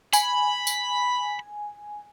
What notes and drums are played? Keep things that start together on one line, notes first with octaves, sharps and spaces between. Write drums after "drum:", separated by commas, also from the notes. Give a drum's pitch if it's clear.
G#5 B5, drum: tambourine
drum: tambourine